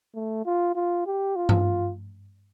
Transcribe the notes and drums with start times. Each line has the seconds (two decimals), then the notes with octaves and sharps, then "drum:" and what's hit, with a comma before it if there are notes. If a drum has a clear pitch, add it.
0.15 A3
0.46 F4
0.76 F4
1.07 G4
1.36 F4
1.49 drum: tom G2